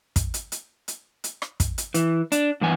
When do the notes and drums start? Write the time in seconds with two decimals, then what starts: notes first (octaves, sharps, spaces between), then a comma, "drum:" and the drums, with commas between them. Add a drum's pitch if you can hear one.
0.16 drum: kick, hi-hat
0.34 drum: hi-hat
0.52 drum: hi-hat
0.88 drum: hi-hat
1.24 drum: hi-hat
1.42 drum: rim click
1.60 drum: kick, hi-hat
1.78 drum: hi-hat
1.94 E3, drum: hi-hat
2.32 D4, drum: hi-hat
2.61 G2 E3 B3 G#5